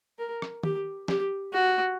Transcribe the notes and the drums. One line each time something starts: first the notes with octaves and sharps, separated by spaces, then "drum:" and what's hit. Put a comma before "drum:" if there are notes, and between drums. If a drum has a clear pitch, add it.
A#4
drum: rim click
G4, drum: tom
G4, drum: snare
F#4